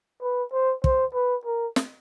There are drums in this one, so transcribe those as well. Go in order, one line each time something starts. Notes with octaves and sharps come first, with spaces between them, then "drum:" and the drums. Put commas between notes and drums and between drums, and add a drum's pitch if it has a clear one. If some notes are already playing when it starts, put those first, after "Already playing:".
B4
C5
C5, drum: kick
B4
A#4
drum: snare